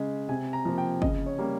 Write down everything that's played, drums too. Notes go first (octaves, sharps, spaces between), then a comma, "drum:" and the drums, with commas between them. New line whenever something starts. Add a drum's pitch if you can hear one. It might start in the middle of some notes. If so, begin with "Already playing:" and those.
Already playing: C#3 G#3
C3 G#5
A#5
F3 A#3
G5
C#3 D#5, drum: kick
C#5
G3 A#3